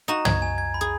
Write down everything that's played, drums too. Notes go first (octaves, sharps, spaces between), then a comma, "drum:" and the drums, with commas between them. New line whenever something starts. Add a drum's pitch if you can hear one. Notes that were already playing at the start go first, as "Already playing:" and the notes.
D#4 F#4 A#5
G#6, drum: tom
G#5
G#6
B5
G#4